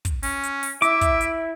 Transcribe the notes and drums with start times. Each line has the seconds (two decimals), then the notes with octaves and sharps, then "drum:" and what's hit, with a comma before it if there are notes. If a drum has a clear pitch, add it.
0.05 drum: kick, hi-hat
0.23 C#4, drum: open hi-hat
0.43 drum: hi-hat
0.63 drum: open hi-hat
0.82 E4 E5 D6, drum: hi-hat
1.01 drum: kick, hi-hat
1.21 drum: hi-hat